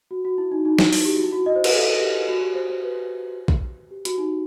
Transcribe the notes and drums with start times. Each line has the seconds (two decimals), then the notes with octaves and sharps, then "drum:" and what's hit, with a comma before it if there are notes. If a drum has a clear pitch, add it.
0.11 F#4
0.25 F#4
0.38 E4
0.52 D#4
0.65 D#4
0.79 E4, drum: snare
0.93 E4, drum: open hi-hat
1.05 G4
1.15 F#4
1.24 E4
1.33 F#4
1.46 D#5
1.56 C5
1.64 B4, drum: cymbal
1.73 A4
2.01 G4
2.29 F#4
2.41 G4
2.55 C5
2.70 C5
2.83 B4
3.48 drum: kick A#1
3.91 G4
4.05 F#4, drum: hi-hat
4.18 D#4